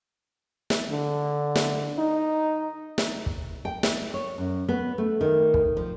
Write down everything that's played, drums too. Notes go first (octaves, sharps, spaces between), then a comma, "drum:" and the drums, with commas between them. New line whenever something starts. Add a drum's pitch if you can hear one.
drum: snare
D3
drum: snare
D#4
drum: snare
drum: kick
G5
drum: snare
C#5
F#2
B3
A3
D#3
drum: kick
F3